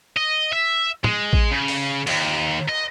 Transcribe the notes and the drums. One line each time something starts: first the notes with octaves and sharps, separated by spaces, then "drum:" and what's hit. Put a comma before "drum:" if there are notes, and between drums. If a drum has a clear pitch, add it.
D#5
E5
G#3, drum: tom
drum: kick A1
C#3
drum: open hi-hat
D#2, drum: cymbal
D#5